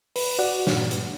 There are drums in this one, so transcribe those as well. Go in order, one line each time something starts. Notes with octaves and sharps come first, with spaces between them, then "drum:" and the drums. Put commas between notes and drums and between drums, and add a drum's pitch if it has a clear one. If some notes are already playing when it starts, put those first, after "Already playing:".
B4, drum: open hi-hat
F#4 D5 F#5
G2 A#2, drum: snare
drum: hi-hat